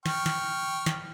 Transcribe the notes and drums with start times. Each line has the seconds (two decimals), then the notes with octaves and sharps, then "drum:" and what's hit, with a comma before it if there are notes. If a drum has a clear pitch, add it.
0.06 G5 C#6 F6, drum: snare
0.26 drum: snare
0.86 drum: snare